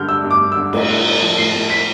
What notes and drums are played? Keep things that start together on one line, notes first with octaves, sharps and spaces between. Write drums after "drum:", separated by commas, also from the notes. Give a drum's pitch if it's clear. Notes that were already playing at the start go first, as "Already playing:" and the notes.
Already playing: G2 D3 G3 F6 G6
D4 E6
G2
D6
G3
D3 E6
A2, drum: cymbal
A2
C4
F3
A2 C7
A2
C4 B6